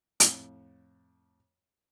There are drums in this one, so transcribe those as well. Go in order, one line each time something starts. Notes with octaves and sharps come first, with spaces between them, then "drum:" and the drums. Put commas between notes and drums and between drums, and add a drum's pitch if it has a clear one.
F2 A2, drum: hi-hat